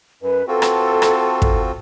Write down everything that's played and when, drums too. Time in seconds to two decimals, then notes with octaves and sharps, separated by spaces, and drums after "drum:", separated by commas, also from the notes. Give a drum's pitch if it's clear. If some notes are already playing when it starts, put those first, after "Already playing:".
0.22 F#2 B4
0.48 C4 F4 F#4 A4
0.62 drum: rim click
1.02 drum: rim click
1.42 drum: kick